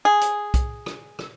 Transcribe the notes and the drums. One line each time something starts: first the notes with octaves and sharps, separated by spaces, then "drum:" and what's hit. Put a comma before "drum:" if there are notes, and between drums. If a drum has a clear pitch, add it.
G#4
drum: hi-hat
drum: kick B1, hi-hat
drum: rim click
drum: rim click